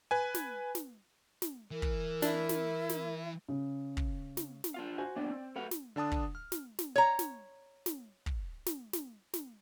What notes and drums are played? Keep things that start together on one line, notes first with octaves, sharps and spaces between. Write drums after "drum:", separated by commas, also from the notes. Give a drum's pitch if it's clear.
B4 G#5
drum: snare
drum: snare
drum: snare
E3 A#4
drum: kick
D4 E4, drum: snare
drum: snare
drum: snare
C#3
drum: kick
drum: snare
drum: snare
D4 F4 F5
F#4 C5 G#5
A#3 B3 D4 D5
C4
A3 F#4 A4 B4 F5 F#5
drum: snare
D3 D4 A5 D#6
drum: kick
F6
drum: snare
drum: snare
C#5 A#5
drum: snare
drum: snare
drum: kick
drum: snare
drum: snare
drum: snare